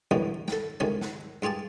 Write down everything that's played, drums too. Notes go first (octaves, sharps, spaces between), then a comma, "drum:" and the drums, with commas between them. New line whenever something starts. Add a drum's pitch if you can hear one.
F#2 B2 D3 E3 G3
A4 G5, drum: snare
C#2 C3 D#3 A3 G#5
drum: snare
G2 F4 G4 G#4 A5